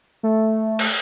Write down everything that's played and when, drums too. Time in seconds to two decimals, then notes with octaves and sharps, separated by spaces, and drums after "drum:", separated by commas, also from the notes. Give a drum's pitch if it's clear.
0.23 A3
0.79 drum: cymbal